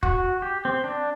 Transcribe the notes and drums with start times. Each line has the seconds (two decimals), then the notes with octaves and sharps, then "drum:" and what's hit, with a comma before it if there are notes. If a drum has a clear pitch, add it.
0.03 F#4, drum: kick
0.42 G4
0.65 C4
0.84 D4